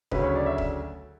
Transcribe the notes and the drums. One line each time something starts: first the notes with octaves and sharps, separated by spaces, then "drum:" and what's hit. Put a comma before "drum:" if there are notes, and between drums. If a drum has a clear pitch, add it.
D2 C#3 F#3 C#4 B4, drum: kick F1
C#5
D5
E5
drum: kick F1